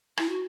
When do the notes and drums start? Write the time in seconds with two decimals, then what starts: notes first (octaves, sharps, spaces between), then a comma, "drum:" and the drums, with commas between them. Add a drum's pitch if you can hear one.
0.17 E4, drum: rim click
0.29 F#4